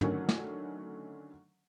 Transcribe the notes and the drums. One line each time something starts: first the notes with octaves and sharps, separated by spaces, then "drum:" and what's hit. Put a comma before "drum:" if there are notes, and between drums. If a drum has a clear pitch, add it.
D3 D#3 F#3 A3 C#4, drum: tom
drum: snare